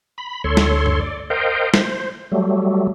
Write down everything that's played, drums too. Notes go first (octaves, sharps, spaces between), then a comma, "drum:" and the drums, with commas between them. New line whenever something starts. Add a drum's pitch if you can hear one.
B5
D2 A4 C#5 C6
drum: snare
drum: tom F#2
D5
A#4 C5 D#5 F5 G5
C5, drum: snare
F#3 G3 A3